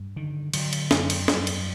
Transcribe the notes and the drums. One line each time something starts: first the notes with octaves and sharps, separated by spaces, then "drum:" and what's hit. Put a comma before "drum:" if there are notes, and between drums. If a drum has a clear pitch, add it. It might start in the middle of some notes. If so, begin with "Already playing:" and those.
Already playing: G2
D3 D#3
D3 F#3, drum: cymbal
drum: cymbal
F#2, drum: snare
drum: cymbal
F#2 G3, drum: snare
drum: cymbal